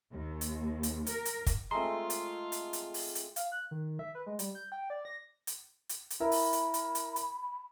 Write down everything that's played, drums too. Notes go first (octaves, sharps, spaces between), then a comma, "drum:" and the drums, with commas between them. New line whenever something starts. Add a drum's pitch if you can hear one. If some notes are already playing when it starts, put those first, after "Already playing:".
D#2
drum: hi-hat
drum: hi-hat
A#4, drum: hi-hat
drum: hi-hat
drum: kick, hi-hat
G#3 A3 C4 F4 A#5 C6
drum: hi-hat
drum: hi-hat
drum: hi-hat
drum: open hi-hat
drum: hi-hat
F5, drum: hi-hat
F#6
D#3
E5
B4
G#3
G3, drum: hi-hat
G6
G5
D5
A#6
drum: hi-hat
drum: hi-hat
drum: hi-hat
E4 A#4 E5 B5
drum: open hi-hat
drum: hi-hat
drum: hi-hat
drum: hi-hat
drum: hi-hat